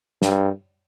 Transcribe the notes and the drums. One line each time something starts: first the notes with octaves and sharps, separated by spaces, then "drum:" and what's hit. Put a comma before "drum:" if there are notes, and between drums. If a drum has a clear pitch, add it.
G2, drum: snare